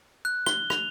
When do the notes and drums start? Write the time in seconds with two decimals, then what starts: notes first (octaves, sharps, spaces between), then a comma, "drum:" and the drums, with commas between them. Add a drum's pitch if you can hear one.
0.25 F#6
0.46 G7, drum: rim click
0.70 F7, drum: rim click